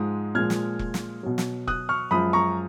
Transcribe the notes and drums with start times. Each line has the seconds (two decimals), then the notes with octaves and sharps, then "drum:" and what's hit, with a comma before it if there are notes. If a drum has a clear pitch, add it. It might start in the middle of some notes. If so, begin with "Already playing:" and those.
Already playing: G#2 F3 G#3 D#6
0.35 A#2 F3 G#3 F6 G#6
0.50 drum: snare
0.79 drum: kick E1
0.94 drum: snare
1.23 B2 F#3
1.38 drum: snare
1.68 D#6 F#6, drum: kick E1
1.89 C#6 F6
2.11 F#2 F3 G#3 B5 D#6
2.33 A#5 C#6